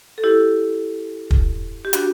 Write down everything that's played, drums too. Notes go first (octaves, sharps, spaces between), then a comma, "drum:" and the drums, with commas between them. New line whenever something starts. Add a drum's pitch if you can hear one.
A4
E4 G4
drum: kick
G4
D4 F#4, drum: hi-hat